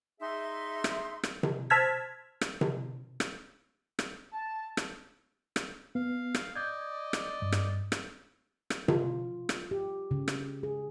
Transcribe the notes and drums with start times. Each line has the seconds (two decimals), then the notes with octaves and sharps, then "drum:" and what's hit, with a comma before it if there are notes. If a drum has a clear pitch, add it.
0.21 D#4 G#4 E5 C6
0.84 drum: rim click
1.23 drum: rim click
1.43 drum: tom C3
1.70 C5 A5 E6 F6 G#6 B6
2.41 drum: rim click
2.61 drum: tom C3
3.20 drum: rim click
3.99 drum: rim click
4.32 A5
4.77 drum: rim click
5.56 drum: rim click
5.95 B3 F5
6.35 drum: rim click
6.55 D5 D#5 G6 G#6
7.13 drum: rim click
7.42 G2
7.52 drum: rim click
7.92 drum: rim click
8.70 drum: rim click
8.88 F4, drum: tom C3
9.49 drum: rim click
9.71 G4
10.11 C#3
10.28 drum: rim click
10.63 G#4